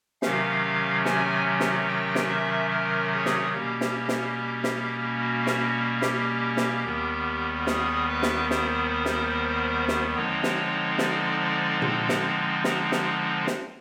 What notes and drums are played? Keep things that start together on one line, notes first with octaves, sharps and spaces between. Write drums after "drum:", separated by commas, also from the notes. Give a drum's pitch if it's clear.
C3 D#3 F#3 A3 C#4 F5, drum: snare
G#5, drum: snare
drum: snare
G5
drum: snare
E5
A#4
G#4
drum: snare
B2 G3 A#3 C#4 G4
drum: snare
drum: snare
drum: snare
F#4
drum: snare
G4, drum: snare
drum: snare
D#2 D#3 G3 B3
G#4, drum: snare
B4
drum: snare
C5, drum: snare
drum: snare
drum: snare
D3 F3 G#3 C4 D#4 C#5
drum: snare
D5, drum: snare
D5
A4, drum: tom A#2
drum: snare
drum: snare
drum: snare
drum: snare